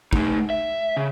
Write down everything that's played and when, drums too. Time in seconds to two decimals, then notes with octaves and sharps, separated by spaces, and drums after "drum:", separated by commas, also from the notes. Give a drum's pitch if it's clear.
0.13 A3 D#4, drum: kick
0.50 E5
0.97 C#3